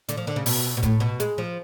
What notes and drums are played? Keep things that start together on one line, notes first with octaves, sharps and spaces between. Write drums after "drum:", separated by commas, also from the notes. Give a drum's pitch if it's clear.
D3, drum: hi-hat
F3
D3
C#3
B2, drum: open hi-hat
B2
A2, drum: kick, hi-hat
B2
G#3, drum: hi-hat
F3